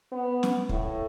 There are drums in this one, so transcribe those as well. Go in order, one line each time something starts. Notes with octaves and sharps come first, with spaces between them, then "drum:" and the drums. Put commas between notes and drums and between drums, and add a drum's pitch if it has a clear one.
B3
drum: snare
A2, drum: kick